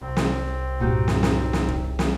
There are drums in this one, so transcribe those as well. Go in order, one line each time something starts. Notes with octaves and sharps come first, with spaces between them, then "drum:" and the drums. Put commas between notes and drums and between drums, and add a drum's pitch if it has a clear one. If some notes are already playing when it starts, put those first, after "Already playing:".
C2 C4
drum: snare
G2 A#2 D#4 F#4 G4
drum: snare
drum: snare
drum: snare
drum: kick
drum: snare